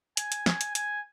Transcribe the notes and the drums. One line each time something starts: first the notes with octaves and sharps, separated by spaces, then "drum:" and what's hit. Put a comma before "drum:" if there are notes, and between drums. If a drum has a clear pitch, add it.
G#5, drum: hi-hat
drum: hi-hat
G#5, drum: snare
drum: hi-hat
G#5, drum: hi-hat